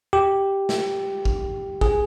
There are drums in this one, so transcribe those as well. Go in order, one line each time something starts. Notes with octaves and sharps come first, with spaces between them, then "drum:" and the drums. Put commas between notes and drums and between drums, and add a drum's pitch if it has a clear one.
G4
drum: snare
drum: kick
G#4, drum: kick